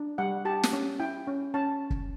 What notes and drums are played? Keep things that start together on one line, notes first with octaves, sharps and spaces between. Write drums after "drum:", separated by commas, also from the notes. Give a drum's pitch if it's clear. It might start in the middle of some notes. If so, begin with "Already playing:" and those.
Already playing: D4
G3 F#5
G4 A5
drum: snare
C#4
E4 G5
C#4
C#4 A5
drum: kick